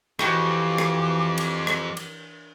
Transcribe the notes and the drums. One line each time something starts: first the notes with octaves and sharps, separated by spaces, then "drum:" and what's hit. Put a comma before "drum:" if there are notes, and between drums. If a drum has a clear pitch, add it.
F2 E3 F#4 G4 D6, drum: rim click
drum: rim click
drum: cymbal
drum: rim click
drum: cymbal